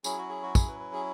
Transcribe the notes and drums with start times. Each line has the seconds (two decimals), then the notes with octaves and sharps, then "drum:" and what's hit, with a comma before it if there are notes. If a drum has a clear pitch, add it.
0.04 F#3 C#4 E4 G#4, drum: tambourine
0.17 F#4
0.29 G#4
0.43 F#4
0.55 G#4, drum: kick, tambourine
0.68 B4
0.80 B4
0.93 G#4